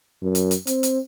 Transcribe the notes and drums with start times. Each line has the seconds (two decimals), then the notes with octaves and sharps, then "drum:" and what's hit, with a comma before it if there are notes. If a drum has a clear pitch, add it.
0.22 F#2
0.35 drum: hi-hat
0.51 drum: hi-hat
0.67 C4, drum: hi-hat
0.83 drum: hi-hat